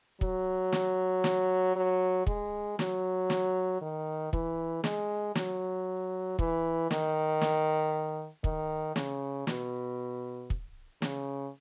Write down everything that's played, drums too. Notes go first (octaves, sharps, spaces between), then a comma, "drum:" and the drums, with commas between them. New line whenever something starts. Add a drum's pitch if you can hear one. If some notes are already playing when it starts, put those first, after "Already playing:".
F#3, drum: kick
drum: snare
drum: snare
F#3
G#3, drum: kick
F#3, drum: snare
drum: snare
D#3
E3, drum: kick
G#3, drum: snare
F#3, drum: snare
E3, drum: kick
D#3, drum: snare
drum: snare
D#3, drum: kick
C#3, drum: snare
B2, drum: snare
drum: kick
C#3, drum: snare